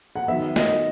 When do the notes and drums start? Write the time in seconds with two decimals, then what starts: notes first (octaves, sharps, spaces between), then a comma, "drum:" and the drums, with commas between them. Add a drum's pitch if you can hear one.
0.16 F#5
0.28 D#3 F#3 B3 E5
0.56 D#5, drum: snare